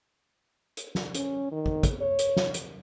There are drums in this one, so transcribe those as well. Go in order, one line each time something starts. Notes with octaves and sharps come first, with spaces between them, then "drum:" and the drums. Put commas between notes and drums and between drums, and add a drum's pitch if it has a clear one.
drum: hi-hat
drum: snare
C#4, drum: hi-hat
D#3
drum: kick
drum: kick, hi-hat
C#5
drum: hi-hat
drum: snare
drum: hi-hat